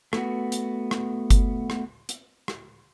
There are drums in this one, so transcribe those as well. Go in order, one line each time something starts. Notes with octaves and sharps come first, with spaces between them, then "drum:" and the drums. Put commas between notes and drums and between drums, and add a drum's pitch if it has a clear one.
A3 B3 F#4, drum: rim click
drum: hi-hat
drum: rim click
drum: kick G1, hi-hat
drum: rim click
drum: hi-hat
drum: rim click